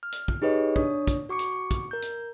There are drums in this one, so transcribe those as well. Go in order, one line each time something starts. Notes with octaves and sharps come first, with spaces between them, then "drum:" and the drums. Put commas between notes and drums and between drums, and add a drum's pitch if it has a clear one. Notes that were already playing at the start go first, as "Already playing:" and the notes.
F6
drum: hi-hat
drum: kick
D#4 G4 G#4 B4 C#5 D#5
D4 C#5 D#6, drum: kick
drum: kick, hi-hat
F#4 C#6 D6 C#7
drum: hi-hat
drum: kick, hi-hat
A#4 G6
drum: hi-hat